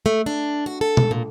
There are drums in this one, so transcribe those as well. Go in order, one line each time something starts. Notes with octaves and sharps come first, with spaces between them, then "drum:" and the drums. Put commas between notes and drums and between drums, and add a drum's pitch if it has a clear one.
A3
D4
F#4
A4
drum: tom B2
A#2